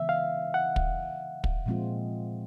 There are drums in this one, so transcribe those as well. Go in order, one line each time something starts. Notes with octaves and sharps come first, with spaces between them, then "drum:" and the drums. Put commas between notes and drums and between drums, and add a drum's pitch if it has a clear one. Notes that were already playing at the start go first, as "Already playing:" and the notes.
Already playing: C#3 E3 G#3 B3 E4 E5
F5
F#5
drum: kick
drum: kick
A#2 F3 G#3 C4 F4